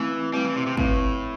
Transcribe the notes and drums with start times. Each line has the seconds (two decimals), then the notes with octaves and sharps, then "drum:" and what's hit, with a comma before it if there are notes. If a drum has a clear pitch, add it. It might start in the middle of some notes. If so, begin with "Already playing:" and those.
Already playing: E3 A3 C4 E4
0.33 G3 A3 C4 E4 B4
0.44 E3
0.56 C3
0.66 C3
0.77 A2 A3 C4 E4 B4, drum: kick